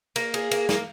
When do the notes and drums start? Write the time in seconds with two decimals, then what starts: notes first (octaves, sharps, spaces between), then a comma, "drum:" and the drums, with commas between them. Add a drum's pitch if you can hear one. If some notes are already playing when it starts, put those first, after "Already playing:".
0.16 A#3, drum: cymbal
0.34 G#4, drum: cymbal
0.51 A#3, drum: cymbal
0.69 A#3, drum: snare